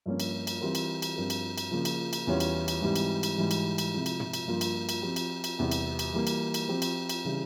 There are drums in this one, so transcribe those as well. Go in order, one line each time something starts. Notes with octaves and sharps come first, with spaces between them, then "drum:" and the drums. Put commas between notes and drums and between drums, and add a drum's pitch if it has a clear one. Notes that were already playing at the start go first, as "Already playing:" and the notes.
G2 F3 A#3 C#4
drum: cymbal
drum: cymbal
E3 G3 C4 F4 A#4
drum: cymbal
drum: cymbal
G2 F3 C4 G4 A#4
drum: cymbal
drum: cymbal
C#3 F3 A#3
drum: cymbal
drum: cymbal
E2 E3 G3 C#4 F4
drum: cymbal
drum: cymbal
G#2 E3 G3 C4
drum: cymbal
drum: cymbal
G#2 E3 G3
drum: cymbal
drum: cymbal
C3 F3 G#3 C4 E4
drum: cymbal
drum: tom
drum: cymbal
G2 F3 A#3 F4 A#4
drum: cymbal
drum: cymbal
F3 C4 G4
drum: cymbal
drum: cymbal
E2 C3 G3 C4
drum: cymbal
drum: cymbal
E3 G3 A#3
drum: cymbal
drum: cymbal
F3 C4 G4
drum: cymbal
drum: cymbal
C#3 E3 G3